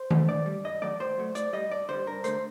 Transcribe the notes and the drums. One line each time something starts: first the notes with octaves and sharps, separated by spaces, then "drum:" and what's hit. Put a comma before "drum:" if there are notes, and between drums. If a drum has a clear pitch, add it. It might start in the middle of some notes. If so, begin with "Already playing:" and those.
Already playing: C5
D3 A3, drum: tom D#3
A2 D5
G3
G2 D#5
D#3 F#3 A3 D5
A2 C5
F#3 A3
A2 D5, drum: hi-hat
G3 D#5
G2 D5
D3 G3 C5
G2 A#4
D3 A3 C5, drum: hi-hat